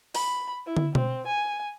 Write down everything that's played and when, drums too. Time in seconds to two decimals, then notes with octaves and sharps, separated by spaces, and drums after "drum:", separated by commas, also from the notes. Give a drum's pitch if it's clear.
0.15 B5, drum: open hi-hat
0.66 E4
0.77 drum: tom
0.95 C4, drum: tom B2
1.27 G#5